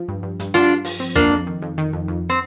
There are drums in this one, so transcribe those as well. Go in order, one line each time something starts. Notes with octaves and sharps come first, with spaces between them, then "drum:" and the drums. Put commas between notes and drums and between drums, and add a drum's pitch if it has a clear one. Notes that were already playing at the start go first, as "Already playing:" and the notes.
Already playing: F3
G2
G2
G2, drum: hi-hat
G2 D4 F4
G2
F3, drum: open hi-hat
C4
F2 A#3 D4, drum: kick
F2
D#3
F2
D#3
F2
F2
C4